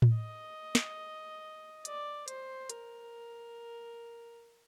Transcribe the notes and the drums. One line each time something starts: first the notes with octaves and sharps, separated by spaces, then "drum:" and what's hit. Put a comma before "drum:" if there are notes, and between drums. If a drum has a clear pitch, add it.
drum: tom A2
D#5
drum: snare
D5, drum: hi-hat
C5, drum: hi-hat
A#4, drum: hi-hat